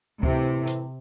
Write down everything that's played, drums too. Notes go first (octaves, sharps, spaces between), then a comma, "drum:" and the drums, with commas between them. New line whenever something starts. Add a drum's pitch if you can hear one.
A2 C3 E3 A3 E4, drum: kick C#2
drum: hi-hat